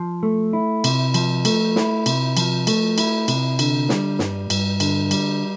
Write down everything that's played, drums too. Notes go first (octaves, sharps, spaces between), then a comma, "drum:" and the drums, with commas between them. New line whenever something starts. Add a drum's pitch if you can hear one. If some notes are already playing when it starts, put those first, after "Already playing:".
Already playing: F3
A3
E4
C3, drum: cymbal
F3, drum: cymbal
A3, drum: cymbal
E4, drum: snare
C3, drum: cymbal
F3, drum: cymbal
A3, drum: cymbal
E4, drum: cymbal
C3, drum: cymbal
D3, drum: cymbal
G3, drum: snare
G2, drum: snare
G2, drum: cymbal
D3, drum: cymbal
G3, drum: cymbal